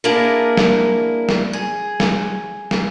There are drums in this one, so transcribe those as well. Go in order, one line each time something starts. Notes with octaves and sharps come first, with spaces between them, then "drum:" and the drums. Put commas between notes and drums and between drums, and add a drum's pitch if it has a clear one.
A#3 D4 E4 G#4 A#4
drum: snare
drum: snare
G#4
drum: snare
drum: snare